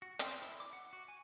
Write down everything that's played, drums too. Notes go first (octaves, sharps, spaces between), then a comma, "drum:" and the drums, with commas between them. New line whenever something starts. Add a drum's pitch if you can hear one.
F#4
C5, drum: hi-hat
E4
D6
F#5
F#4
G#5